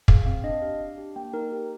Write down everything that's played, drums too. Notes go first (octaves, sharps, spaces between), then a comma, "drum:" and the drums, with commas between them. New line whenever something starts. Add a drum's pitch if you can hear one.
G#4 F5, drum: kick
C4 F5
D4 D#5
G4 F5
D4
G4
A#3 G5
D#4 A#4
G4